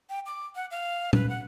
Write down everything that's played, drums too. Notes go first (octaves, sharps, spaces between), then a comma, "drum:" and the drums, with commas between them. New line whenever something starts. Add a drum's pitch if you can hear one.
G5
D6
F#5
F5
B4, drum: tom A#2
F#5